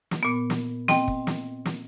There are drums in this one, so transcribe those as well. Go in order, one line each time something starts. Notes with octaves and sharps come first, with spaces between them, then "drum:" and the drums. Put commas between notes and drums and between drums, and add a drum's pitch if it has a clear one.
drum: snare
A#2 B3
drum: snare
C4 D#5 G5, drum: snare
drum: kick
drum: snare
drum: snare